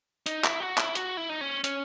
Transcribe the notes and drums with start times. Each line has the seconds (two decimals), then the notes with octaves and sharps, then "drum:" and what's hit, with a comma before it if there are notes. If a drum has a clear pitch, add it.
0.26 D#4, drum: hi-hat
0.44 E4, drum: clap
0.60 F#4
0.78 E4, drum: clap
0.95 F#4, drum: hi-hat
1.17 E4
1.29 D#4
1.41 C#4
1.64 C#4, drum: hi-hat